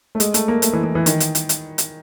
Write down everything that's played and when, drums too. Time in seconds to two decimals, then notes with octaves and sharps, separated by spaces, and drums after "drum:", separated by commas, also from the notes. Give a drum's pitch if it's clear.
0.15 A3
0.20 G#3, drum: hi-hat
0.34 A3, drum: hi-hat
0.48 A#3
0.62 A3, drum: hi-hat
0.73 E3
0.84 E3
0.95 E3
1.06 D#3, drum: hi-hat
1.20 drum: hi-hat
1.35 drum: hi-hat
1.49 drum: hi-hat
1.78 drum: hi-hat